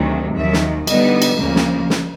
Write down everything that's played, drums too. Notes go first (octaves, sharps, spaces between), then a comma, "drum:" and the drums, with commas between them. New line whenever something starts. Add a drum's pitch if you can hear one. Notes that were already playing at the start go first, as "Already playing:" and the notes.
Already playing: D2 C3 D#3 F#3 A3
D#2 D#3 F#3 E5
drum: snare
D3 G3 B3 D#4 D#5, drum: cymbal
drum: cymbal
D2 C#3 F3 A#3
drum: snare
drum: snare